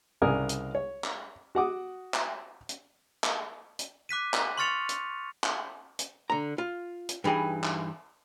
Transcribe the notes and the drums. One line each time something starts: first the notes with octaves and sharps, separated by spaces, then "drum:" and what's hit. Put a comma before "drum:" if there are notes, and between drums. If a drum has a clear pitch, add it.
C2 C#3 D4 A#4 G#5 D#6
drum: hi-hat
C#5
drum: clap
F#4 F#5 D6 D#6
drum: clap
drum: hi-hat
drum: clap
drum: hi-hat
D6 F#6 B6 D#7
drum: clap
C6 C#6 F6 A6 C#7 F7
drum: hi-hat
drum: clap
drum: hi-hat
D3 A#5
F4
drum: hi-hat
G2 E3 D#4 G#4 G5
drum: clap